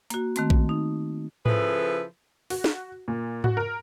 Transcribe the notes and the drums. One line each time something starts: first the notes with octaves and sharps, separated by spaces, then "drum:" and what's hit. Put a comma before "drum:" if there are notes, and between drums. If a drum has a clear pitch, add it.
A#3 F#4, drum: hi-hat
D#3 A3 C4, drum: hi-hat
drum: kick A#1
D#4
C#3 F3 E4 G#4 A4 B4, drum: tom G#2
F#4, drum: open hi-hat
drum: snare
A#2
F#4, drum: tom G#2
A#4